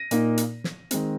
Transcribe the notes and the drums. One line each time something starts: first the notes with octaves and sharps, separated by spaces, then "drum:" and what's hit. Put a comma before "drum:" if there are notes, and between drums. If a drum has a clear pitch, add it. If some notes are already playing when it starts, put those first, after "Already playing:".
Already playing: A#6 D#7
A#2 A#3 D#4, drum: hi-hat
drum: hi-hat
drum: snare
D#3 G#3 C4, drum: hi-hat